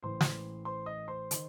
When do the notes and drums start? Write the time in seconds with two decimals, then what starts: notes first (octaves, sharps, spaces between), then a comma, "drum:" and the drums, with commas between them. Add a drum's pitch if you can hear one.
0.03 A1 A2 E3 C5 C6
0.21 drum: snare
0.65 C5 C6
0.86 D#5 D#6
1.08 C5 C6
1.31 D#3, drum: hi-hat